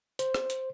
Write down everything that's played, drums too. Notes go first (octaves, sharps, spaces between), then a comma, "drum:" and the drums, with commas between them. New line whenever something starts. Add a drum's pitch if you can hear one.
C5, drum: hi-hat
drum: rim click
drum: hi-hat